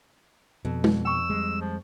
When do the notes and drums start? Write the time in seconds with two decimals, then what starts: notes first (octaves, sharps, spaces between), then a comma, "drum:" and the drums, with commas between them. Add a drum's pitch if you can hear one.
0.65 F2 B2
0.84 drum: tom G#3
1.05 G5 C#6 E6
1.30 G3 G#3
1.61 F3